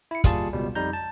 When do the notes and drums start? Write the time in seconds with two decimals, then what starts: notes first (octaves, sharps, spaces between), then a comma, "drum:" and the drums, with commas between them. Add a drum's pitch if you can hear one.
0.11 E4 C#7
0.24 D#2 G3 F4 G#4 A5, drum: kick, hi-hat
0.53 C#2 B2 G3
0.75 F2 G3 D#4 A#5 G6
0.93 A5